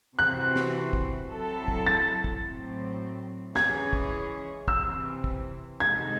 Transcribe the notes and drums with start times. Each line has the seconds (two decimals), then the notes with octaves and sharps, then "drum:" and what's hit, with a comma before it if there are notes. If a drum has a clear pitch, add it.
0.18 C3 E3 C4 F#4 C5 F#6
0.56 drum: snare
0.93 drum: kick
1.31 F#3 C4 E4 A4
1.68 drum: kick
1.86 A6
2.24 drum: kick
2.43 A2 F#3 C4
3.55 E3 G#3 C#4 G#4 C#5 G#6, drum: snare
3.93 drum: kick
4.68 C3 E3 C4 E6, drum: kick
5.24 drum: kick
5.80 C3 D#3 G#3 D#4 A4 G#6